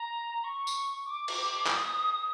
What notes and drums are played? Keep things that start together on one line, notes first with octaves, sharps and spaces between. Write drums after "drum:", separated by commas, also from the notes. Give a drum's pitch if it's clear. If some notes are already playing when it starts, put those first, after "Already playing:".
Already playing: A#5
C#6
drum: tambourine
D6
drum: cymbal
D#6, drum: clap